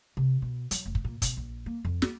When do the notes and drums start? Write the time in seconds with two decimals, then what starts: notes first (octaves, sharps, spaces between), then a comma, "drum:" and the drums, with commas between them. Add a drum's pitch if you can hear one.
0.17 C3
0.42 B2
0.71 F#3, drum: hi-hat
0.86 F1
0.95 drum: kick
1.05 A#2
1.22 B2, drum: kick, hi-hat
1.37 A#1
1.66 A#3
1.85 F2
2.02 A#3, drum: snare